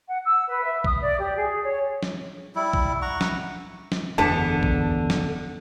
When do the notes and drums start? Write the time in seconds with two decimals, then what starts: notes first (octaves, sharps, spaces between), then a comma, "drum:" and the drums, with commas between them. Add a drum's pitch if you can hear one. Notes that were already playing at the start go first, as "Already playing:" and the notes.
0.06 F#5
0.23 E6
0.46 B4
0.61 E5
0.84 D#6, drum: kick
1.00 D5
1.18 G4
1.36 G#4
1.63 C#5
2.03 drum: snare
2.55 G3 E4
2.73 drum: kick
3.02 F#5 A#5 C#6
3.21 drum: snare
3.92 drum: snare
4.18 F#1 E2 D3 B3 D4 G#4 A5
4.63 drum: kick
5.10 drum: snare